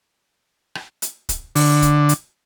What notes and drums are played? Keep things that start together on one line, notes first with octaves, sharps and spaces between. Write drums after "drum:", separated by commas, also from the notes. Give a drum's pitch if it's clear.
drum: rim click
drum: hi-hat
drum: kick, hi-hat
D3, drum: open hi-hat
drum: kick, hi-hat
drum: hi-hat